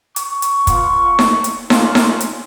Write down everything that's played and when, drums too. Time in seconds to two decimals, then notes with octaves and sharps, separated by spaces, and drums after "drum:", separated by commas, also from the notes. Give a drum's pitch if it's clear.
0.16 C#6, drum: hi-hat
0.42 drum: hi-hat
0.67 B3 F4, drum: kick, hi-hat
1.19 drum: snare D#4
1.44 drum: hi-hat
1.70 A#3 C#4 F4, drum: snare D#4
1.95 drum: snare D#4
2.21 drum: hi-hat